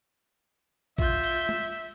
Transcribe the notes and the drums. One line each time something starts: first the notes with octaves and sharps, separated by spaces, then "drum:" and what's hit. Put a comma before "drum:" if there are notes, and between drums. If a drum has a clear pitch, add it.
F4 E5 G6, drum: kick A1
drum: cymbal
drum: tom